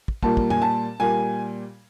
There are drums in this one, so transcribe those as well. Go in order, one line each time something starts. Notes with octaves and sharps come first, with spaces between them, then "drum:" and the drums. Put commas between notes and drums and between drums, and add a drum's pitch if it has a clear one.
drum: kick
A#2 G3 A#3 A5, drum: kick
drum: kick
G#5, drum: tom
A5
A#2 G3 A#3 G#5